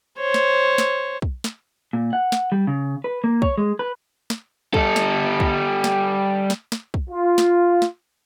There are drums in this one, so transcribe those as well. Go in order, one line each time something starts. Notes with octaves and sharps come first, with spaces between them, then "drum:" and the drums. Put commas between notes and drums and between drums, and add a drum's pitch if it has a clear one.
C5 C#5
drum: snare
drum: snare
drum: kick
drum: snare
A#2
F#5
drum: snare
G3
C#3
B4
A#3
C#5, drum: kick
G#3
B4
drum: snare
G3 A4, drum: kick
drum: snare
drum: kick
drum: snare
drum: snare
drum: snare
drum: kick
F4
drum: snare
drum: snare